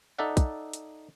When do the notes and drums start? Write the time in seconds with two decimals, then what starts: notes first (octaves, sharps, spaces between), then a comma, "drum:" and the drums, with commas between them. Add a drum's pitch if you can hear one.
0.18 D#4 A4 D5 E5 F#5
0.37 drum: kick, hi-hat
0.73 drum: hi-hat